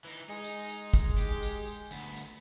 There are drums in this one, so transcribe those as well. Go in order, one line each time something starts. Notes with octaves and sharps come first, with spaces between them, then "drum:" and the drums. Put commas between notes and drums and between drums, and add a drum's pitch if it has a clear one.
E3 D#4
G#3 D#4
drum: tambourine
drum: tambourine
drum: kick, tambourine
G4, drum: tambourine
drum: tambourine
drum: tambourine
D2 B3, drum: tambourine
drum: tambourine